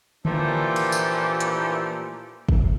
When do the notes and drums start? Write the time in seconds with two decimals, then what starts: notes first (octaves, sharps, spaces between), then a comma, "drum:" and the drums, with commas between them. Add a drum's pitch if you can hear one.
0.25 A#2 E3 F3 A3 D4 G4, drum: tom D3
0.76 drum: cymbal
0.92 drum: tambourine
1.40 drum: hi-hat
2.49 drum: kick